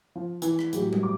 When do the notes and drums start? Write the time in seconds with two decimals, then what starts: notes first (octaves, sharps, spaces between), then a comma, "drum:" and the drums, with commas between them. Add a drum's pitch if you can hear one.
0.16 F3
0.42 E3, drum: hi-hat
0.59 drum: rim click
0.73 A2 F#3 G4, drum: hi-hat
0.93 drum: tom G3
1.03 D6